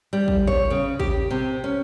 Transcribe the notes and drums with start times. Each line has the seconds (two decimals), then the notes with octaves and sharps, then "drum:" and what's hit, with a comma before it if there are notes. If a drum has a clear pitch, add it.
0.13 G3
0.28 drum: kick
0.47 C#5, drum: kick
0.70 C#3
1.00 G4, drum: kick
1.30 C3
1.64 C#4